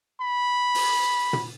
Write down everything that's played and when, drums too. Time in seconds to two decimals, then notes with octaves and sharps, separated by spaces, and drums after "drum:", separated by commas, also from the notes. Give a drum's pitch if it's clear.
0.21 B5
0.75 drum: open hi-hat
1.33 drum: tom